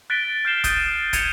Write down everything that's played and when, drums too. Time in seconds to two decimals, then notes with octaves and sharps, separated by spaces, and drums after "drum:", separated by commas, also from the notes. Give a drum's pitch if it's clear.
0.10 F#6 A6 B6 D7 G7
0.45 F6 G6 C7 E7 G7
0.64 D#6 G6 D#7, drum: kick, hi-hat
1.13 G#6 C#7 D#7 F7, drum: kick, hi-hat